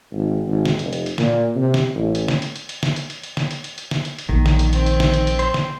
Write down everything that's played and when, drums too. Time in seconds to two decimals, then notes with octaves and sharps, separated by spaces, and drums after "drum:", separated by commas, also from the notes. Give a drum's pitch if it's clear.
0.13 G#1
0.47 G#1
0.65 drum: snare
0.79 F1, drum: hi-hat
0.93 drum: hi-hat
1.06 drum: hi-hat
1.18 A#2, drum: snare
1.56 C3
1.74 drum: snare
1.95 A1
2.15 drum: hi-hat
2.28 drum: snare
2.42 drum: hi-hat
2.56 drum: hi-hat
2.69 drum: hi-hat
2.83 drum: snare
2.96 drum: hi-hat
3.10 drum: hi-hat
3.23 drum: hi-hat
3.37 drum: snare
3.51 drum: hi-hat
3.64 drum: hi-hat
3.78 drum: hi-hat
3.91 drum: snare
4.05 drum: hi-hat
4.19 drum: hi-hat
4.29 A#1 D#3
4.46 drum: snare
4.59 drum: hi-hat
4.73 C4, drum: hi-hat
4.86 drum: hi-hat
5.00 drum: snare
5.14 drum: hi-hat
5.27 drum: hi-hat
5.39 C5 C6, drum: hi-hat
5.54 drum: snare